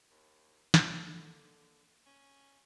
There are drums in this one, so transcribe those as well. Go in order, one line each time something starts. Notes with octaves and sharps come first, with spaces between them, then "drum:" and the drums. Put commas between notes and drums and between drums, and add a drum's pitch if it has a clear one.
D#2
D3 A#3, drum: snare
C#4